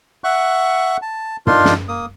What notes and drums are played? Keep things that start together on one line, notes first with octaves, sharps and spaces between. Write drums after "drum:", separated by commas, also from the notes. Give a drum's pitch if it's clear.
E5 F#5 C#6 F#6
A5
D4 D#4 F4 A#4 C6, drum: tom
drum: snare
A#3 D#6